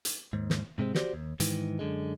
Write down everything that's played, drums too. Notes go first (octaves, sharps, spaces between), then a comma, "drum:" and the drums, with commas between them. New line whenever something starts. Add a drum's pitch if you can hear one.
drum: hi-hat
D#2 G#2
drum: snare
G#2 C3 G#3 C4
F#4 G4 C5 D5, drum: snare
D#2
G#2 D#3 E3, drum: hi-hat
F#2 D3 G#3